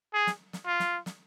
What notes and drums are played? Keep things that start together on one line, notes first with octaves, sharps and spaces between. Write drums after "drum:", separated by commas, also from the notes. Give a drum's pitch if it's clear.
G#4
drum: snare
drum: snare
F4
drum: snare
drum: snare